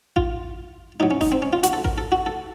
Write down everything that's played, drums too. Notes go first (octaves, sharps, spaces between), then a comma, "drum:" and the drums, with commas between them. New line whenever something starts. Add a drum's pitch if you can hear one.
F4, drum: kick A1
A2 F#3 D#4
C#4
D#4, drum: snare G1
C4
C#4
F4
F#4, drum: hi-hat
A4
A#4, drum: kick A1
A4
F#4
A4